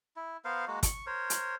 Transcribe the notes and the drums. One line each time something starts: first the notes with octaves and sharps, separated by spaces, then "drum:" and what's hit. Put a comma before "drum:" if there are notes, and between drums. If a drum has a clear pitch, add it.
E4
B3 A#4 C5 F5
G#3 A#3 F#4
C#6, drum: kick, hi-hat
A#4 C5 C#5
drum: hi-hat